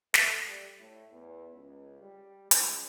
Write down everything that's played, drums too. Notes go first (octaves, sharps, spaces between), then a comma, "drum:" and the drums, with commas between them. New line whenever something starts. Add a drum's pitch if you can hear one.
A3, drum: snare
G3
A2
E2
C#2
G3
C#2, drum: hi-hat